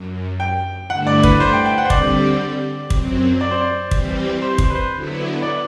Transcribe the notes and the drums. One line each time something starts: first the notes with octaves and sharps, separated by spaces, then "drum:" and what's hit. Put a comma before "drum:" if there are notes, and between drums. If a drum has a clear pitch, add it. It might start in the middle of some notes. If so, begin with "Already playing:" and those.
Already playing: F#2
G5
G2 D3 A3 E4 F#5
D5
B4, drum: kick
C5
G5
G5
F#5
C5
D3 G3 C4 G4 D5, drum: kick
F#2 F#3 C4, drum: kick
D5
C5
D5
E3 G3 C4 G4, drum: kick
C5
C5, drum: kick
B4
C5
D3 F#3 B3 E4
D5